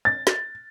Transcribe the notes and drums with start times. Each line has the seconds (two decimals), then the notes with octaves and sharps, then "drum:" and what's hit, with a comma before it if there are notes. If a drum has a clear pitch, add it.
0.05 A6
0.27 drum: snare